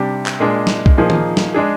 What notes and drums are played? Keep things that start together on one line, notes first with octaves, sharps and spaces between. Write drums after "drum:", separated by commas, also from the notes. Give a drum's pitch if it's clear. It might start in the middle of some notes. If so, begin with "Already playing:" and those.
Already playing: C3 G3 D4 G4
drum: clap
A#2 G#3 D4 G#4
drum: snare
drum: kick B1
A#2 F3 A#3 D#4 G#4
drum: tom D#3
drum: snare
G#3 D4 G#4